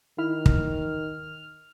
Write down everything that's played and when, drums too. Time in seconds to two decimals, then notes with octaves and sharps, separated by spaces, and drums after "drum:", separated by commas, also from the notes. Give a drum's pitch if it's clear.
0.18 D#3 E4 F6
0.46 drum: kick